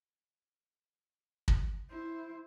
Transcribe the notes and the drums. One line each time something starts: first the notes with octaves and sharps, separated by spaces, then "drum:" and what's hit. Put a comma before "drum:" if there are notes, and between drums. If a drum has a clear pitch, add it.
drum: kick
E4 C5